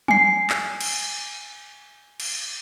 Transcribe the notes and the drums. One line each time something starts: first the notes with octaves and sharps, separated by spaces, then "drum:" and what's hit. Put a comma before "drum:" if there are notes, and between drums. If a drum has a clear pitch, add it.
G#5 C7, drum: tom
drum: clap
drum: cymbal
drum: cymbal